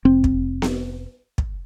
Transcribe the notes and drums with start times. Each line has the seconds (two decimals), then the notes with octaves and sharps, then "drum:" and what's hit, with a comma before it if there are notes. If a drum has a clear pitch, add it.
0.05 F1 C4
0.24 drum: kick
0.62 drum: snare B3
1.38 drum: kick